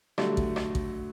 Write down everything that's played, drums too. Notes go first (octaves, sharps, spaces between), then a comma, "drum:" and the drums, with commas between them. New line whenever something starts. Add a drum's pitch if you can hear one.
D3 F#3 G3 A3, drum: rim click
drum: kick A1
drum: rim click
drum: kick A1